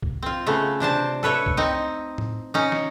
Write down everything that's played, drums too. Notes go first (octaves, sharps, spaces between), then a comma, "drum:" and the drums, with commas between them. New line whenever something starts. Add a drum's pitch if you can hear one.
drum: kick C2
C4 F4
C#3 A3 B3
C3 D4 C5 A5
A4 B4 C#5 E5
drum: kick C2
C4 D#4
drum: tom A2
C#4 D#4
drum: snare